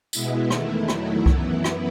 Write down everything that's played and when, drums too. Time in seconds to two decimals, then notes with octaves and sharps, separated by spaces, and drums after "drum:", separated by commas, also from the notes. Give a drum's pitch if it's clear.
0.13 B2 G#3 B3 E4, drum: tambourine
0.50 E2 D#3 A3 E4, drum: rim click
0.88 E2 D#3 F#3 A3, drum: rim click
1.26 F#2 E3 B3 E4, drum: kick C2
1.64 drum: rim click